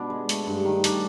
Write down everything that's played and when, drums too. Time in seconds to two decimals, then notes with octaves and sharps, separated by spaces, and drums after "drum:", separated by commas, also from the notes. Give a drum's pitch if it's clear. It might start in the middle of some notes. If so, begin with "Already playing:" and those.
Already playing: B2 D4
0.10 G#3
0.29 A3, drum: hi-hat
0.47 G2
0.65 D#3
0.84 C#4 D4, drum: hi-hat